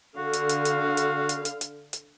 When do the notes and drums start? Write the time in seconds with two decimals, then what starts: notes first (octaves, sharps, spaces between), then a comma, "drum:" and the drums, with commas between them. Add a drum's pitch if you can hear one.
0.17 D3 F#4 F5
0.33 drum: hi-hat
0.49 drum: hi-hat
0.65 drum: hi-hat
0.97 drum: hi-hat
1.29 drum: hi-hat
1.45 drum: hi-hat
1.61 drum: hi-hat
1.93 drum: hi-hat